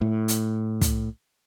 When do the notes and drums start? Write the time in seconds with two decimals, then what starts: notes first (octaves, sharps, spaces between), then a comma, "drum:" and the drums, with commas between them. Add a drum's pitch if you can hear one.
0.01 A2
0.28 drum: hi-hat
0.81 drum: kick, hi-hat